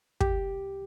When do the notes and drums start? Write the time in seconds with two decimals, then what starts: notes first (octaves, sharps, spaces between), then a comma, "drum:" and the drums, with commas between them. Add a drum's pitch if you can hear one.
0.21 C2 G4, drum: kick